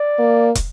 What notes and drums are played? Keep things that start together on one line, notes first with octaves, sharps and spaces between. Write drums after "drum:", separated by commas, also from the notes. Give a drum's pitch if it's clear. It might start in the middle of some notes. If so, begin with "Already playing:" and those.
Already playing: D5
A#3
drum: kick, hi-hat